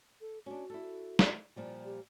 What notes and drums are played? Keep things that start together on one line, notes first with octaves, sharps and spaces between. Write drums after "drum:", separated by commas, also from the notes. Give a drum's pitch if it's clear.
A4
C#4 D4 F#4
E4 A4
drum: snare
A#2 F3 G3
G4